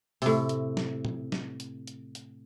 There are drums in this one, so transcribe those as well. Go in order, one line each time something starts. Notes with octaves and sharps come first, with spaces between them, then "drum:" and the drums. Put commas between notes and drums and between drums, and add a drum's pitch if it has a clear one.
A2 C3, drum: open hi-hat
drum: hi-hat
drum: snare
drum: tom A#2
drum: snare
drum: hi-hat
drum: hi-hat
drum: hi-hat